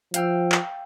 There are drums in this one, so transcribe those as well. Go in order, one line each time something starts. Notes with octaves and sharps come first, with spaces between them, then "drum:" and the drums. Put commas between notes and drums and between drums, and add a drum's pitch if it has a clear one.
F3 F5 G5 E6, drum: hi-hat
drum: clap